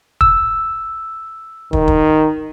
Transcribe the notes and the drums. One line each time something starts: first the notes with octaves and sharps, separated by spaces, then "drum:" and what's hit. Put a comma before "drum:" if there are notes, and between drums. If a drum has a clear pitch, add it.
E6, drum: kick
D#3, drum: kick
drum: kick